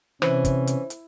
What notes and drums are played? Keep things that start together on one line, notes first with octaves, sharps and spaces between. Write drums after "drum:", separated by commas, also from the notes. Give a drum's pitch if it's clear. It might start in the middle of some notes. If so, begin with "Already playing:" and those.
C3 E3 C#4 C5, drum: rim click
drum: kick, hi-hat
drum: hi-hat
drum: hi-hat